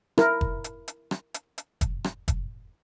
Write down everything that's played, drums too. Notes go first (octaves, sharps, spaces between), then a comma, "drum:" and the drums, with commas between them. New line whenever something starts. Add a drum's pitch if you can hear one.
E4 A#4, drum: rim click
drum: kick
drum: hi-hat
drum: hi-hat
drum: rim click
drum: hi-hat
drum: hi-hat
drum: kick, hi-hat
drum: rim click
drum: kick, hi-hat